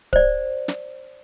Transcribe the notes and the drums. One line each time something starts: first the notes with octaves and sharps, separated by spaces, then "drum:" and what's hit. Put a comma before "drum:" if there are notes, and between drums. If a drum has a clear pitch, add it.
C5 D5, drum: kick D1
drum: snare